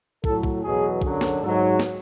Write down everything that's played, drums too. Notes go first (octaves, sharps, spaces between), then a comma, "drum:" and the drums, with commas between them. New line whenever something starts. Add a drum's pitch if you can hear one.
A2 F#3 A4, drum: kick
drum: kick
E2 B2 F#3 G#4
F#2 D3 F#3, drum: kick
drum: snare
G#2 F#3 A4
drum: snare